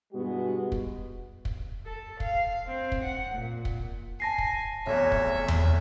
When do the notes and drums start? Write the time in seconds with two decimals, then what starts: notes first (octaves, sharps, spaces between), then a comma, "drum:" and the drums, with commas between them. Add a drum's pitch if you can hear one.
0.13 G2 B2 E3 G#3 B3 F#4
0.72 drum: kick
1.45 drum: kick
1.86 A4
2.20 F5, drum: kick
2.67 C4
2.92 drum: kick
3.04 F#5
3.35 A#2
3.65 drum: kick
4.20 G#5 A5 A#6 C7
4.38 drum: kick
4.86 F1 B1 E2 C#5 E5
5.12 drum: kick
5.48 drum: tom E2